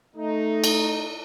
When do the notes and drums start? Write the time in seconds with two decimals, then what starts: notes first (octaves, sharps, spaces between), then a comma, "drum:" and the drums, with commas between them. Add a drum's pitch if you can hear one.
0.16 A3 D#4
0.64 drum: cymbal